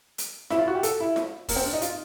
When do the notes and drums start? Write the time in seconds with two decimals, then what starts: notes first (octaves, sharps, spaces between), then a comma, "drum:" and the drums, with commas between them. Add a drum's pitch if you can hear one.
0.18 drum: hi-hat
0.50 E4, drum: snare F4
0.59 F4
0.68 F#4
0.75 G4
0.83 A4, drum: hi-hat
1.00 E4
1.16 drum: snare F4
1.48 A#3, drum: kick F1, open hi-hat
1.56 C4
1.66 D4
1.73 D#4
1.82 F4, drum: hi-hat